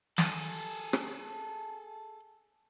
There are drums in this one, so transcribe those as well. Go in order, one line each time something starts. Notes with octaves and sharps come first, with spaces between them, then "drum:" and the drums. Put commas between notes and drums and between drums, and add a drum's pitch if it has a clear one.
G#4 A4, drum: snare
drum: rim click